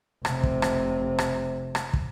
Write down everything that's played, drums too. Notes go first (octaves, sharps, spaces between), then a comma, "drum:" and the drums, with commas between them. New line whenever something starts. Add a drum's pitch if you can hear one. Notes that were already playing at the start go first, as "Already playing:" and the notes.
F1 C3, drum: rim click
drum: kick
drum: rim click
drum: rim click
drum: rim click
drum: kick